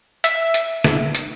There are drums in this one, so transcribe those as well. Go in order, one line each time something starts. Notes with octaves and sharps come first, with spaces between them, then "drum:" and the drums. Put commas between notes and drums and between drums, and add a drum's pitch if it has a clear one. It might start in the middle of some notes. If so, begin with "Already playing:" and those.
E5, drum: hi-hat
drum: hi-hat
drum: snare
drum: hi-hat